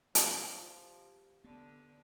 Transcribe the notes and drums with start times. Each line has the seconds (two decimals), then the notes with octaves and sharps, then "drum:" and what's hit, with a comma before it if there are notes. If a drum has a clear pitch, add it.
0.15 F3 G4, drum: hi-hat
1.44 D3 B3